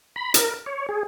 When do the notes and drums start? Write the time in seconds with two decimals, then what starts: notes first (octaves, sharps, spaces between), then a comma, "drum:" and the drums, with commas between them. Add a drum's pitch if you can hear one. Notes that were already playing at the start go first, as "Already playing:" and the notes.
0.16 B5
0.34 A#4, drum: hi-hat
0.66 C#5
0.89 G#4